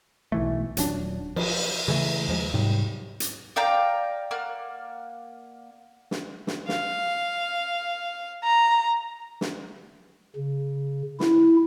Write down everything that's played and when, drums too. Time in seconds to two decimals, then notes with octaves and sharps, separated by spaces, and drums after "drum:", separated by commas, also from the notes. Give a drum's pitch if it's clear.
0.32 B1 E3 A3
0.77 D#1 F#3 C#4 D4, drum: hi-hat
1.36 F3, drum: cymbal
1.88 C#3 E3 G#3 A3
2.28 D#2 F3 G#3
2.54 G#2 C3 F#3 G3
3.20 drum: hi-hat
3.56 D5 F5 G5 A#5
4.31 A#3 D5 F#5 F6
6.11 drum: snare
6.47 drum: snare
6.69 F5, drum: snare
8.44 A#5
9.41 drum: snare
10.36 C#3
11.20 E4, drum: snare